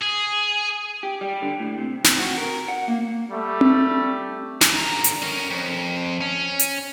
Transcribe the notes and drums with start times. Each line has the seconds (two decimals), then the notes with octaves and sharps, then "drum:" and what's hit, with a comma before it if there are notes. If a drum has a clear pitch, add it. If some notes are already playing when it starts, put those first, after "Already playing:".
0.02 G#4
1.03 G4
1.21 G3
1.42 D3
1.59 A2
1.78 C3
2.04 C3, drum: snare
2.19 F#4
2.38 A#4
2.68 F#5
2.88 A#3
3.31 G3 A3
3.61 drum: tom C4
4.61 C#4 G4, drum: snare
4.75 D3 A#5
5.04 drum: hi-hat
5.22 C#4 A#4
5.51 F2
6.21 C#4
6.59 drum: hi-hat